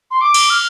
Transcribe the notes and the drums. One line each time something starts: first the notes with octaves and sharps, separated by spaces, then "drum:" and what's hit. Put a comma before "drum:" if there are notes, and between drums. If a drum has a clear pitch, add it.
C6
D6
drum: cymbal
F6